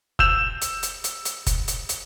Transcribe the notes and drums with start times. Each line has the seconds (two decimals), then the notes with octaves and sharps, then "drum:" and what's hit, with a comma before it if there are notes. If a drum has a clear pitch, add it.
0.19 E6 G6 E7 F7, drum: kick F1
0.62 drum: hi-hat
0.83 drum: hi-hat
1.04 drum: hi-hat
1.25 drum: hi-hat
1.47 drum: kick F1, hi-hat
1.68 drum: hi-hat
1.89 drum: hi-hat